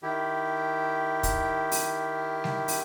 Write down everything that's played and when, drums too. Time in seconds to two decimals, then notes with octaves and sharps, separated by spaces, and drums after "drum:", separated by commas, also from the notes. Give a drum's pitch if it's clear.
0.03 D#3 E4 G4
1.23 drum: kick, hi-hat
1.72 drum: open hi-hat
2.44 drum: snare G3
2.68 drum: open hi-hat